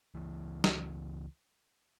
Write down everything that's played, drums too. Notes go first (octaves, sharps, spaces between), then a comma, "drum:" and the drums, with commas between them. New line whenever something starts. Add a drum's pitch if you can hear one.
C#2 E3
drum: snare